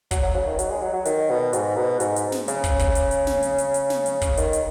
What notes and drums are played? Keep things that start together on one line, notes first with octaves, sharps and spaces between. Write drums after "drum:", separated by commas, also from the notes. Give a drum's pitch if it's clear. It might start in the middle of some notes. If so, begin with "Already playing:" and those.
F#3, drum: kick, hi-hat
F#3
C#3
D#3
F#3, drum: hi-hat
G#3
F#3
F#3
D#3, drum: hi-hat
B2
G#2, drum: hi-hat
B2
G#2, drum: hi-hat
drum: hi-hat
drum: snare
C#3, drum: hi-hat
drum: kick, hi-hat
drum: kick, hi-hat
drum: hi-hat
drum: hi-hat
drum: snare
drum: hi-hat
drum: hi-hat
drum: hi-hat
drum: snare
drum: hi-hat
drum: kick, hi-hat
D#3, drum: hi-hat
drum: hi-hat